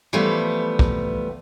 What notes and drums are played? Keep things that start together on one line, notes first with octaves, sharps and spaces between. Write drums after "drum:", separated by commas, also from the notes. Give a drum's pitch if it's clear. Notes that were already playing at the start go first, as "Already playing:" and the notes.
E3 F3 G3 A3 B3
drum: kick